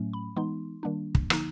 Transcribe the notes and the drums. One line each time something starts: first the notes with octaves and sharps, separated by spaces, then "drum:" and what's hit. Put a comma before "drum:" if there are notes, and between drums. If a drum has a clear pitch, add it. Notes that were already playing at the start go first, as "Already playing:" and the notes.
Already playing: A2 F#3 A3 C#4
B5
E3 G#3 B3 D#4 C6
D#3 G3 A#3 D4
drum: kick
D3 F3 A#3 D#4 A#5, drum: rim click